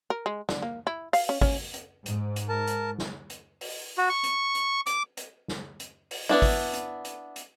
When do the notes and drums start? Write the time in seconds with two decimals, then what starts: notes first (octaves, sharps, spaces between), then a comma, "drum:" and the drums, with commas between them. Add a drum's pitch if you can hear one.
0.10 A#4
0.26 G#3
0.49 D3, drum: snare
0.62 A#3
0.87 E4
1.13 F5, drum: open hi-hat
1.29 C#4
1.41 C#4, drum: kick G#1, open hi-hat
1.74 drum: hi-hat
2.06 G#2, drum: hi-hat
2.36 drum: hi-hat
2.49 A#4 A5
2.67 drum: hi-hat
2.99 drum: snare
3.30 drum: hi-hat
3.61 drum: open hi-hat
3.98 F#4
4.09 C#6
4.23 drum: hi-hat
4.55 drum: hi-hat
4.86 D6, drum: hi-hat
5.17 drum: hi-hat
5.48 drum: snare
5.80 drum: hi-hat
6.11 drum: open hi-hat
6.29 B3 D4 E4
6.42 drum: kick G#1, open hi-hat
6.73 drum: hi-hat
7.05 drum: hi-hat
7.36 drum: hi-hat